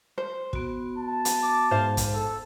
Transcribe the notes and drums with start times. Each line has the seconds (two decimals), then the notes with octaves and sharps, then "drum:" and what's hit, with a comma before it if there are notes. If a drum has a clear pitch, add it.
0.18 C5
0.53 B3 F#4, drum: kick
0.98 A5
1.25 drum: hi-hat
1.42 D6
1.71 G#2 C5 F5
1.97 drum: kick, hi-hat
2.14 A4